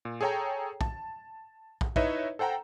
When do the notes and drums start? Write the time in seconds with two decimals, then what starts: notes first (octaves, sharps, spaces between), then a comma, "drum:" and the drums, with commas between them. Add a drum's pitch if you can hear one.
0.05 A#2
0.21 G#4 A4 C#5 G5 A#5
0.81 A5, drum: kick
1.81 drum: kick
1.96 D#4 E4 B4 C#5 D#5 E5, drum: kick
2.39 A4 C5 F#5 G5 A#5